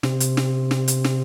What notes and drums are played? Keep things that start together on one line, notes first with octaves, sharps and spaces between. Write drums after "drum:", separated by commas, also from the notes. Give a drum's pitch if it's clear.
C3, drum: snare
drum: hi-hat
drum: snare
drum: snare
drum: hi-hat
drum: snare